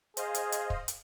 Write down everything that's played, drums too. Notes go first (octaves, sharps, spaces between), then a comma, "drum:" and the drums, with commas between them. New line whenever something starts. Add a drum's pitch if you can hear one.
G#4 C5 D#5 F5, drum: hi-hat
drum: hi-hat
drum: hi-hat
drum: kick
drum: hi-hat